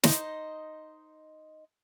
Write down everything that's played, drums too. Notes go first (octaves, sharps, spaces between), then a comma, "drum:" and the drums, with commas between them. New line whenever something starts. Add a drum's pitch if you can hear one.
D#4 C5 D#5, drum: snare